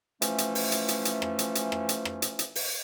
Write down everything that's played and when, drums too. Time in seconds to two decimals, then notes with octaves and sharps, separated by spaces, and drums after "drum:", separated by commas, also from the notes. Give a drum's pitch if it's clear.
0.22 E3 F3 A3 C#4, drum: hi-hat
0.38 drum: hi-hat
0.55 drum: open hi-hat
0.72 drum: hi-hat
0.88 drum: hi-hat
1.05 drum: hi-hat
1.22 drum: rim click
1.39 drum: hi-hat
1.55 drum: hi-hat
1.72 drum: rim click
1.89 drum: hi-hat
2.05 drum: rim click
2.22 drum: hi-hat
2.39 drum: hi-hat
2.55 drum: open hi-hat